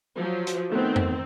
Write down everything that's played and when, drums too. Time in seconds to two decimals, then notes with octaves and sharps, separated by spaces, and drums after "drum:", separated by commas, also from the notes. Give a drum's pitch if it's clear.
0.17 F3 F#3
0.47 drum: hi-hat
0.72 D#3 A3 B3 C4
0.96 drum: tom F2